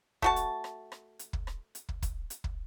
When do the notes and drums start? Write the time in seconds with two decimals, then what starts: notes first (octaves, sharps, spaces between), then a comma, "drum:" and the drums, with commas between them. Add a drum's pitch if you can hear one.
0.22 A3 F#4 A5, drum: kick
0.36 drum: hi-hat
0.64 drum: rim click
0.92 drum: rim click
1.19 drum: hi-hat
1.33 drum: kick
1.47 drum: rim click
1.75 drum: hi-hat
1.89 drum: kick
2.02 drum: kick, hi-hat
2.30 drum: hi-hat
2.44 drum: kick